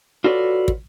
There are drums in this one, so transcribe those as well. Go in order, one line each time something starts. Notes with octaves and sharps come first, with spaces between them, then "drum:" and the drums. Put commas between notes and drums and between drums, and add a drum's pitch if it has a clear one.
F4 F#4 A4 B4 C#5 D5
drum: kick